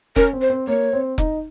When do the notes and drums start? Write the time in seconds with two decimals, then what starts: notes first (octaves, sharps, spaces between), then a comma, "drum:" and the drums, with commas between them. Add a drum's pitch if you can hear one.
0.16 C#4 A#4, drum: kick F1
0.33 C4
0.41 C5
0.50 C4
0.67 A#3 C#5
0.93 C4
1.18 D#4, drum: kick F1